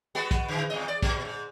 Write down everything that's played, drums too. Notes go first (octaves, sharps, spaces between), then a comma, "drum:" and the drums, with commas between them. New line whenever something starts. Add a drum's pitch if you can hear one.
G#3 B3 F#4
drum: kick, hi-hat
D3 E3
E2 G#2 D#5
D5
A#2, drum: kick, hi-hat
G#2